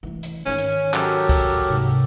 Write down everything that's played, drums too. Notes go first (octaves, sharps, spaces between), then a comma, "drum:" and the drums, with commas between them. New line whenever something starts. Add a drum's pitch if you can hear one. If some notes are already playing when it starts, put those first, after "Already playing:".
E3 A3
drum: hi-hat
G#2 D#3 C#4
drum: hi-hat
F#3 G4 A4 A#4, drum: clap
drum: kick, open hi-hat
G#2 C3